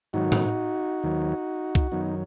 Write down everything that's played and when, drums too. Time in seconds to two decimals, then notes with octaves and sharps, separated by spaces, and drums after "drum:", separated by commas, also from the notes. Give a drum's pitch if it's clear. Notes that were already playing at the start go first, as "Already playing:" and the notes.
0.13 G#2 D#3 F#3 D#4 F#4
0.32 drum: tom A2
1.03 D#2 D#3 F#3
1.75 drum: kick C2
1.91 F#2 D#3 F#3 B3 D#4